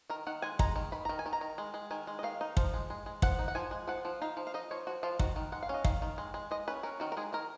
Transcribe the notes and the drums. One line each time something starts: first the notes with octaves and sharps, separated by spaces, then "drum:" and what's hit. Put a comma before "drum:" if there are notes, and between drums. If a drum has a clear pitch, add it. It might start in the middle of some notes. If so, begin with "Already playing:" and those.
D#3 A#4
D#3 F#5
G#3 G#5
G#3 A#5, drum: kick
D#3
D#3 B5
D#3 A#5
G#5
D#3
A#5
D#3
G#3
G#3
D#3 G#5
G#3
D#5
D#3 F5
D#4
F3, drum: kick
G#3
G#3
G#3
F3 F#5, drum: kick
D#4
F#5
F3 G#5
G#3
F3 F#5
F3
D#4 F5
F3
F5
D#4 D#5
F3 C#5
F3 F#4
F3 F4
D#3 F#4, drum: kick
D#3
G#3 F#5
F5
C#4
D#5
D#3 F5, drum: kick
D#3
G#3
G#3
G#3 D#5
C#4 B4
C#4 A#4
D#3 F#4
A#4
G#3 G#4
D#3 A#4